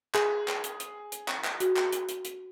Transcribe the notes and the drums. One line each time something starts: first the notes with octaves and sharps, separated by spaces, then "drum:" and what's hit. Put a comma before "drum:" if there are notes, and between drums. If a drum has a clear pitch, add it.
G#4, drum: clap
drum: clap
drum: hi-hat
drum: hi-hat
drum: hi-hat
drum: clap
drum: clap
F#4, drum: hi-hat
drum: clap
drum: hi-hat
drum: hi-hat
drum: hi-hat